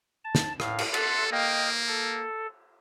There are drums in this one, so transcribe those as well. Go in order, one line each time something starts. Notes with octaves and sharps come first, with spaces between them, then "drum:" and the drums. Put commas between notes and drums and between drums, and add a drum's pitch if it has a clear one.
A5
drum: snare
A2 F5, drum: rim click
drum: cymbal
A4 E5 F#5 C6, drum: cymbal
A#3 D#5 F5 G5
A4